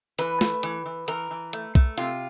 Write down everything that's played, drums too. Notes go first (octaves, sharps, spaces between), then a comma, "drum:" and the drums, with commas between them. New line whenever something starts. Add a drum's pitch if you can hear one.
E3 B4, drum: hi-hat
A3, drum: snare
E3, drum: hi-hat
E3
E3 A#4, drum: hi-hat
E3
A3, drum: hi-hat
A3, drum: kick B1
C3 F4, drum: hi-hat